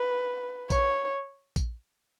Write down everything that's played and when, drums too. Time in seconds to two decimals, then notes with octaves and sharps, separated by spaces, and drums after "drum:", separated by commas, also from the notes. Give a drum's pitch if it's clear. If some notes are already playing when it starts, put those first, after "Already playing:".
Already playing: B4
0.70 C#5, drum: kick A#1, tambourine
1.56 drum: kick A#1, tambourine